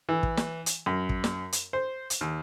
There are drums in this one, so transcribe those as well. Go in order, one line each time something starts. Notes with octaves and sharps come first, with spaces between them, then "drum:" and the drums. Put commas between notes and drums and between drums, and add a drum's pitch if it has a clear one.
E3
drum: kick
drum: snare
drum: hi-hat
F#2
drum: kick
drum: snare
drum: hi-hat
C5
drum: hi-hat
D#2